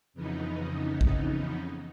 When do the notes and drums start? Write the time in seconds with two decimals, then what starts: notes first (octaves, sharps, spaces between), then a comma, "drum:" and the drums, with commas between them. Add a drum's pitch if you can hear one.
0.14 F2 C#3 E3 B3 D#4
1.01 drum: kick